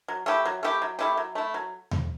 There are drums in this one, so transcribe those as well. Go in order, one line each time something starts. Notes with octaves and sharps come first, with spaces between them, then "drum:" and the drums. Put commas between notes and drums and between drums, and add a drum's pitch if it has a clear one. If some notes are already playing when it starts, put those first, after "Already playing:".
F#3
A3 E4 G4
F#3
A3 E4 G4
F#3
A3 E4 G4
F#3
A3 E4
F#3
drum: tom D#2